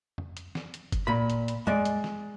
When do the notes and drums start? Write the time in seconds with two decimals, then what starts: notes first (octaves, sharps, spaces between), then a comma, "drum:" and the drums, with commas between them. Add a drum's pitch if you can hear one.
0.18 drum: tom F2
0.37 drum: hi-hat
0.55 drum: snare
0.74 drum: hi-hat
0.92 drum: kick G1, hi-hat
1.07 A#2 B5
1.30 drum: hi-hat
1.48 drum: hi-hat
1.67 G#3 D5, drum: tom F2
1.85 drum: hi-hat
2.04 drum: snare